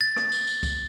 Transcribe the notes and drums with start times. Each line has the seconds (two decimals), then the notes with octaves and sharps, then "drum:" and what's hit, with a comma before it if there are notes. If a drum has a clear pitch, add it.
0.01 A6
0.16 drum: rim click
0.32 drum: tambourine
0.47 drum: tambourine
0.63 drum: kick C#2, tambourine